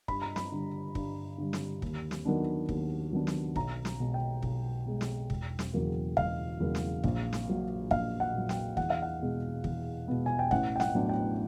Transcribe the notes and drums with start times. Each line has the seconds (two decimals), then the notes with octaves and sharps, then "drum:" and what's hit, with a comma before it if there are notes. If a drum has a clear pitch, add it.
0.08 G2 B5, drum: kick
0.22 A#5
0.36 B5, drum: snare
0.52 D3 G3
0.95 G2, drum: kick
1.38 D3 G3
1.53 drum: snare
1.82 D#2, drum: kick
2.11 drum: snare
2.25 D#3 F#3 B3 D4
2.69 D#2, drum: kick
3.13 D#3 F#3 B3 D4
3.27 drum: snare
3.56 B1 A#5, drum: kick
3.85 drum: snare
4.00 B2 G#3
4.14 G5
4.42 B1, drum: kick
4.86 B2 G#3
5.01 drum: snare
5.30 E1, drum: kick
5.59 drum: snare
5.73 E2 C#3 F#3 A#3
6.17 E1 F5, drum: kick
6.60 E2 C#3 F#3 A#3
6.75 drum: snare
7.04 A#1, drum: kick
7.33 drum: snare
7.47 A#2 F#3
7.91 A#1 F5, drum: kick
8.20 F#5
8.33 A#2 F#3
8.49 G5, drum: snare
8.77 E2 F#5, drum: kick
8.90 F5
9.02 F#5
9.22 B2 G#3 B3
9.64 E2, drum: kick
10.08 B2 G#3 B3
10.26 G#5
10.39 G5
10.51 A1 F#5, drum: kick
10.76 G5
10.80 F#5, drum: snare
10.95 A2 F#3 B3 D4
11.09 G5